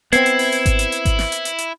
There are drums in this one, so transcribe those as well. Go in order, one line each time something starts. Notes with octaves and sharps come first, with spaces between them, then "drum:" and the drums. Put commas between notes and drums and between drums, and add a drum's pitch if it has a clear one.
B3 C4 E4 G#6 C7, drum: hi-hat
drum: hi-hat
drum: open hi-hat
drum: hi-hat
drum: kick G#1, hi-hat
drum: hi-hat
drum: hi-hat
drum: kick G#1, hi-hat
drum: snare
drum: hi-hat
drum: hi-hat
drum: hi-hat